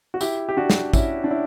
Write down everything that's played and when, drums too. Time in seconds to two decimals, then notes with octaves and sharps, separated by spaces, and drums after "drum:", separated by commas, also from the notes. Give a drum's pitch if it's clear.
0.14 F#4
0.21 E4 G4, drum: tambourine
0.49 G4
0.57 D4 F#4
0.70 drum: snare
0.93 C#4 E4, drum: kick, tambourine
1.24 D4
1.31 C#4 E4